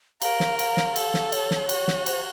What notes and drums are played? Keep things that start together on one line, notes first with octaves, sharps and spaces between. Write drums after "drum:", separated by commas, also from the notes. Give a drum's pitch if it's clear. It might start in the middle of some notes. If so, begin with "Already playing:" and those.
A#4 F5, drum: cymbal
drum: snare
F5, drum: cymbal
drum: snare
A4, drum: cymbal
drum: snare
C#5, drum: cymbal
drum: snare
F#4, drum: cymbal
drum: snare
C5, drum: cymbal